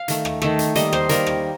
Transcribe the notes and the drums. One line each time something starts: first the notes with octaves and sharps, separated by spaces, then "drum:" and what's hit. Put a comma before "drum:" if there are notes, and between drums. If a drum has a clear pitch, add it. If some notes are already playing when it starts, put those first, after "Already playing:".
Already playing: F5
D#3 A3, drum: hi-hat
drum: rim click
D#3 A3, drum: rim click
drum: hi-hat
D#3 G3 A#3 D#5, drum: hi-hat
C5, drum: rim click
D#3 G3 A#3 A#4, drum: hi-hat
drum: rim click